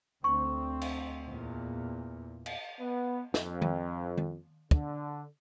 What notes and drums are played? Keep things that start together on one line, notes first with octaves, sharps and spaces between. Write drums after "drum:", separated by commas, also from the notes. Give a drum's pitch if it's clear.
D2 C4 C#6
drum: cymbal
E2 A#2
drum: cymbal
B3
F2, drum: snare
drum: tom D#3
drum: tom D#3
D3, drum: kick